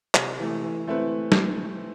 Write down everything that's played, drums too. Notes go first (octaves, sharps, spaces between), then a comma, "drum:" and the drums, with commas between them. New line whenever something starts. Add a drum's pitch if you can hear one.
C3, drum: clap
E3 A3
E3
A3 C4 E4 B4
drum: snare